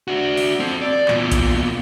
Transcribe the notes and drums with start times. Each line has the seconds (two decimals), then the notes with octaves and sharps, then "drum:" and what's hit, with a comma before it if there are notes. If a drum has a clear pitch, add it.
0.08 D4 F#4
0.37 drum: open hi-hat
0.60 C4 A4
0.81 D5
1.08 E2 A#2, drum: clap
1.32 drum: kick A#1, hi-hat